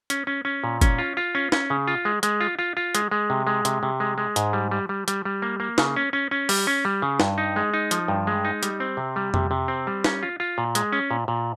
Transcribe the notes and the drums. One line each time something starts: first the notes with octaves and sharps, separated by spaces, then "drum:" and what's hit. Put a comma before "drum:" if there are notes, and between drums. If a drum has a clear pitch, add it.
C#4, drum: hi-hat
C#4
C#4
A#2
C#4, drum: kick, hi-hat
F4
F4
C#4
C#4, drum: snare
C#3
F4
G#3
G#3, drum: hi-hat
F4
F4
F4
G#3, drum: hi-hat
G#3
C3
G#3
C3, drum: hi-hat
C3
G#3
G#3
G#2, drum: hi-hat
G3
G3
G3
G3, drum: hi-hat
G3
A#3
A#3
C#3, drum: snare
C#4
C#4
C#4
G3, drum: open hi-hat
C#4
G3
C#3
G2, drum: snare
D#4
G#3
D#4
F3, drum: hi-hat
G2
G#3
D#4
G3, drum: hi-hat
C4
C3
G3
C3, drum: tom F2
C3
C4
G3
C#4, drum: snare
F4
F4
A#2
G#3, drum: hi-hat
C#4
A#2
A#2